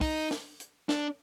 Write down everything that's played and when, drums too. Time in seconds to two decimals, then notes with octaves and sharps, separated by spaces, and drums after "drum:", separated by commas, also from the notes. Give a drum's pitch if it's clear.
0.01 D#4, drum: kick, open hi-hat
0.31 drum: snare
0.60 drum: hi-hat
0.89 D4, drum: snare